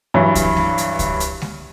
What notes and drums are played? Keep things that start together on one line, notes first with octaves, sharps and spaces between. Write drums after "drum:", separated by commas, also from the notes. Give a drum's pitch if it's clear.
G2 E3 F#3
drum: kick C#2, hi-hat
drum: snare G#3
drum: hi-hat
drum: kick C#2, hi-hat
drum: hi-hat
drum: snare G#3